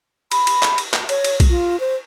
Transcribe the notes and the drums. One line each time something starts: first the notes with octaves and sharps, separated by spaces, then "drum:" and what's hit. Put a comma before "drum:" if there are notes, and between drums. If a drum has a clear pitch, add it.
B5, drum: cymbal
drum: cymbal
drum: clap
drum: cymbal
drum: clap
C#5, drum: cymbal
drum: cymbal
drum: kick B1, cymbal
F4
C5